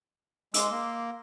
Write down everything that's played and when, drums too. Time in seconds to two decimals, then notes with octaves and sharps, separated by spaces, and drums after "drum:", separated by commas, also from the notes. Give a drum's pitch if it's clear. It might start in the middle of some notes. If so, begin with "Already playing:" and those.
0.54 G#3 C6 D6 E6, drum: hi-hat
0.71 A#3